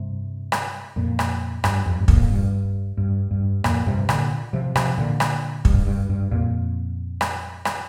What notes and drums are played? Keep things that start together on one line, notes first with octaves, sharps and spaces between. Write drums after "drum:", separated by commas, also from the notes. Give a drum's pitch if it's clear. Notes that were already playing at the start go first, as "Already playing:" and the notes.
Already playing: G2 C3
drum: rim click
F2 A#2
drum: rim click
G2, drum: rim click
F2
G2
F2 A#2, drum: kick
G2
G2
G2
F2 A#2, drum: rim click
G2 C3
A#2 D3, drum: rim click
C3 F3
C3 F3, drum: rim click
A#2 D3
drum: rim click
G2, drum: kick
G2
G2
F2 A#2
drum: rim click
drum: rim click